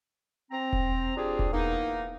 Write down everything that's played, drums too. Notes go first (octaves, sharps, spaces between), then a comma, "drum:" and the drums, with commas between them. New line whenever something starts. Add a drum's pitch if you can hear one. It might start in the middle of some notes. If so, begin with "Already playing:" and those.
C4 A#5
drum: kick E1
C4 D4 F4 G4 G#4
drum: kick E1
E3 A#3 B3 D#4